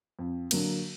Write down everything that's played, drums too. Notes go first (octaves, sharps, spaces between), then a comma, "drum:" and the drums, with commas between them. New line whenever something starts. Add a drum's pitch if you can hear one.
F2
D3 F#3 A#3, drum: cymbal